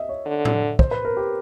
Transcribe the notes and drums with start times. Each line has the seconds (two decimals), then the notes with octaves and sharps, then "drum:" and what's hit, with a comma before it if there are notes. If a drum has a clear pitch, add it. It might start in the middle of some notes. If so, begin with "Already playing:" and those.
Already playing: D#5 E5
0.09 C#5
0.26 D3
0.45 drum: tom A2
0.79 C5, drum: kick
0.91 B4
1.05 A#4
1.17 G4